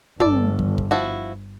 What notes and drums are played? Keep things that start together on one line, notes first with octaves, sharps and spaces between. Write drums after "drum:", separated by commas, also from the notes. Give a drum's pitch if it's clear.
G1 A4 D5, drum: tom
drum: kick
drum: kick
F3 E4 F#4